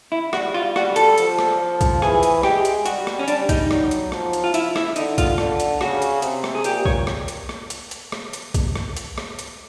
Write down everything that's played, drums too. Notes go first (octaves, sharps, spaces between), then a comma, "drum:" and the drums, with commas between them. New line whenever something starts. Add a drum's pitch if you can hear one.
E4
G3 F#4, drum: rim click
F4
G3 F#4, drum: rim click
A4, drum: hi-hat
F3, drum: hi-hat
drum: rim click
F3
drum: kick B1, hi-hat
E3 G#4, drum: rim click
drum: hi-hat
G#3 G4, drum: rim click
drum: hi-hat
G3 F#4, drum: hi-hat
drum: rim click
C#4
G3 D4, drum: hi-hat
D#4, drum: kick B1, hi-hat
F#3, drum: rim click
drum: hi-hat
F3, drum: rim click
drum: hi-hat
F4
E4, drum: hi-hat
E4, drum: rim click
D3 D#4, drum: hi-hat
F4, drum: kick B1, hi-hat
D3, drum: rim click
drum: hi-hat
C#3 F#4, drum: rim click
drum: hi-hat
C3, drum: hi-hat
drum: rim click
G#4
A#2 G4, drum: hi-hat
C#5, drum: kick B1
drum: rim click
drum: hi-hat
drum: rim click
drum: hi-hat
drum: hi-hat
drum: rim click
drum: hi-hat
drum: kick B1, hi-hat
drum: rim click
drum: hi-hat
drum: rim click
drum: hi-hat